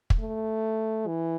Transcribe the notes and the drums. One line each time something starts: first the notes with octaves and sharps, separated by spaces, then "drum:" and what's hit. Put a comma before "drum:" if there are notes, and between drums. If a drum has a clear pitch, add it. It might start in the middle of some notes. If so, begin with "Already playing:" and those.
drum: kick
A3
E3